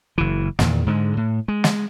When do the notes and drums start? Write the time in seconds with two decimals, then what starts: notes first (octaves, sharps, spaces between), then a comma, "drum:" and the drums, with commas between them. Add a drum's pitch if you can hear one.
0.18 F#1 E3
0.59 E2 A#2 D#3, drum: snare
0.87 G#2 D3 G#3
1.17 A2
1.48 G#3
1.64 drum: snare